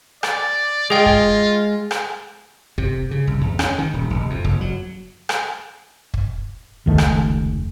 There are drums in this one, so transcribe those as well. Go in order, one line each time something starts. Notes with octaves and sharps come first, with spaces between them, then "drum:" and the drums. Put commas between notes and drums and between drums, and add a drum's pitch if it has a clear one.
D5, drum: rim click
G#3 F4 G#4 G5 D7
drum: kick
drum: rim click
C3, drum: kick
C#3
C2
E2
C#4, drum: rim click
D#3
D#1
F1
F2
F#1, drum: kick
F#3
drum: rim click
drum: kick
F1 C#2 D#3 A3
drum: rim click